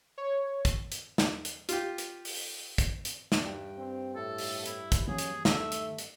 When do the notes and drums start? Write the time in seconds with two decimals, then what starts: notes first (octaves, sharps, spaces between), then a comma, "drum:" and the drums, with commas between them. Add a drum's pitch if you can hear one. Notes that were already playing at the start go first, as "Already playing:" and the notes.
0.18 C#5
0.65 drum: kick, hi-hat
0.92 drum: hi-hat
1.18 drum: snare
1.45 drum: hi-hat
1.69 F4 G4, drum: hi-hat
1.98 drum: hi-hat
2.25 drum: open hi-hat
2.78 drum: kick, hi-hat
3.05 drum: hi-hat
3.32 drum: snare
3.44 G2 G4
3.78 C4
4.15 A2 A4
4.38 drum: open hi-hat
4.66 E4, drum: hi-hat
4.92 drum: kick, hi-hat
5.07 E3 F#3 A#3 C#4 G#4
5.18 drum: hi-hat
5.45 D#3 A3 E5, drum: snare
5.72 drum: hi-hat
5.98 drum: hi-hat